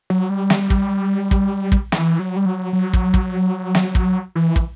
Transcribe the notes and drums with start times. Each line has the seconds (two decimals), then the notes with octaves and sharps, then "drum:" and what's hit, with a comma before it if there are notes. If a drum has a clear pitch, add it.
0.10 F#3
0.30 G3
0.50 drum: snare
0.70 drum: kick
1.31 drum: kick
1.72 drum: kick
1.92 E3, drum: snare
2.19 F#3
2.36 G3
2.46 F#3
2.73 F#3
2.93 drum: kick
3.14 drum: kick
3.75 drum: snare
3.95 drum: kick
4.35 E3
4.56 drum: kick